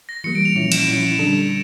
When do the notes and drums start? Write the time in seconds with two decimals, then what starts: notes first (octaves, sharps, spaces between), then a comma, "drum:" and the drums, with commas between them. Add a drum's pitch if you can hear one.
0.09 A#6
0.24 E3 G3 A#3 C#7
0.35 D7
0.45 F7
0.55 A#2 F3 C#4 E4 F7
0.72 E7, drum: cymbal
0.87 A#2 F3 C#4 E4
1.19 D3 G3 D4 A4